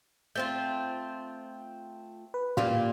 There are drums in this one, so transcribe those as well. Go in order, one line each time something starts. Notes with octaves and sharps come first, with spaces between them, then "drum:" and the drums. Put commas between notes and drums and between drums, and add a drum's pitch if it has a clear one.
A3 C4 F4 G6
B4
A#2 A#3 F4 G4, drum: tom